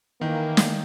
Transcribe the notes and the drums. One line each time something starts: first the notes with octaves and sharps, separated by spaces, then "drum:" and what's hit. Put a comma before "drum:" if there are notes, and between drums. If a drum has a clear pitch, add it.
D#3 E3 A#3
drum: snare